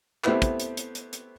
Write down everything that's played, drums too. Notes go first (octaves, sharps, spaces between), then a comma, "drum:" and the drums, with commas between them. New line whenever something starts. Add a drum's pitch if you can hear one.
A3 B3 C4 E4 G4 B4, drum: clap
drum: kick, hi-hat
drum: hi-hat
drum: hi-hat
drum: hi-hat
drum: hi-hat